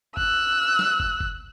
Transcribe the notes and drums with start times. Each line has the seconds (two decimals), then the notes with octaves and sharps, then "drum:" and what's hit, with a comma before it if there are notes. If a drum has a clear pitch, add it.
0.17 E6 F#6, drum: kick
0.79 drum: snare
1.00 drum: kick
1.20 drum: kick